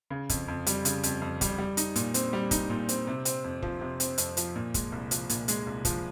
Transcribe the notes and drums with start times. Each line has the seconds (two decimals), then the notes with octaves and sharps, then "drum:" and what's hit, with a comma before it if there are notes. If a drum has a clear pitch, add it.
0.11 C#3
0.29 F2, drum: kick, hi-hat
0.48 F2
0.66 G3, drum: hi-hat
0.85 C#3, drum: hi-hat
1.03 F2, drum: hi-hat
1.22 F2
1.41 G3, drum: kick, hi-hat
1.58 G3
1.77 D#4, drum: hi-hat
1.96 A#2, drum: hi-hat
2.14 C4, drum: hi-hat
2.33 G3
2.51 D#4, drum: kick, hi-hat
2.70 A#2
2.89 C4, drum: hi-hat
3.07 C3
3.25 C4, drum: hi-hat
3.44 F2
3.62 F3, drum: kick
3.81 C3
4.00 C4, drum: hi-hat
4.18 F2, drum: hi-hat
4.37 F3, drum: hi-hat
4.56 A#2
4.74 G#3, drum: kick, hi-hat
4.92 C2
5.11 F3, drum: hi-hat
5.29 A#2, drum: hi-hat
5.48 G#3, drum: hi-hat
5.67 C2
5.85 F3, drum: kick, hi-hat